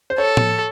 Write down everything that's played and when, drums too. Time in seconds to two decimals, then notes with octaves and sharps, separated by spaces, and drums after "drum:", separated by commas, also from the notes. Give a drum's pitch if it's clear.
0.10 C5
0.18 A4 C#5
0.37 drum: tom